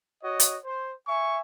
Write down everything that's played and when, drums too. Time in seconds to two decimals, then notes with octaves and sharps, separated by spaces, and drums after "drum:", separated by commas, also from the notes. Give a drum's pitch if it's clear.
0.23 F#4 C#5 D#5
0.40 drum: hi-hat
0.65 C5
1.08 E5 G#5 C#6